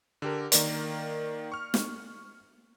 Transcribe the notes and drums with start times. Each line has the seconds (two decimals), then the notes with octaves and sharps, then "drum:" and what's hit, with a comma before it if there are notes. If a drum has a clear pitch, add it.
0.22 D3 G4 A#4
0.52 D#3 A#3 A#4 D5, drum: hi-hat
1.52 C#6 F6
1.74 drum: snare